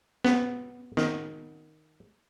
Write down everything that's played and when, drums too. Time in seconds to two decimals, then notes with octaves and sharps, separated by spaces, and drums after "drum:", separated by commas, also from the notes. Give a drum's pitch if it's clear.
0.25 B3, drum: snare
0.97 D#3, drum: snare